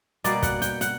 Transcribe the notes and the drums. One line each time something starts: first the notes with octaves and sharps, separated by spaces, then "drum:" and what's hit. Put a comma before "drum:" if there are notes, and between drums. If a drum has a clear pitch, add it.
B2 G3 A#3 D5, drum: hi-hat
F#5, drum: kick, hi-hat
G5, drum: hi-hat
F#5, drum: hi-hat